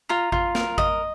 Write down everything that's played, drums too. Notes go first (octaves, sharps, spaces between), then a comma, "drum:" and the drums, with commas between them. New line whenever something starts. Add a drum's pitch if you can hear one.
F4 A#5
F4, drum: kick G#1
A#4, drum: snare
D#5, drum: kick G#1